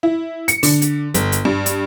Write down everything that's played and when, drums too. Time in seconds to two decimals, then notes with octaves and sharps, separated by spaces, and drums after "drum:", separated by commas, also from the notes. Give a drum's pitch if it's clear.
0.03 E4
0.48 C#7, drum: hi-hat
0.63 D3, drum: open hi-hat
0.82 drum: hi-hat
1.14 G1, drum: hi-hat
1.32 drum: hi-hat
1.45 G2
1.66 drum: hi-hat